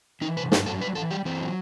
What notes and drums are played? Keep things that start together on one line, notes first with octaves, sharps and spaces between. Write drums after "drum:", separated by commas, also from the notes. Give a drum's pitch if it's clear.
E3 D#4
C3 B4
G2 A4, drum: snare
F#3 A4
G3 B4
E3 A4
G3 G4
E3 C4
F#3